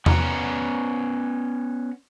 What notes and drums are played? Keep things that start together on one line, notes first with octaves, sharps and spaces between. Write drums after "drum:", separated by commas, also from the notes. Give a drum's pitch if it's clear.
B3 C#4 D5 F#5 A#5, drum: tom E2